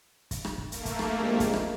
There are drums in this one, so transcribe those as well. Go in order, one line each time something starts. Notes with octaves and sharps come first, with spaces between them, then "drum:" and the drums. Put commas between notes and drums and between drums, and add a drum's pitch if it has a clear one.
drum: kick, hi-hat
drum: rim click
drum: kick
A3 A#3, drum: hi-hat
drum: kick, hi-hat
drum: rim click
A#1 C3 G#3
drum: kick, hi-hat
drum: rim click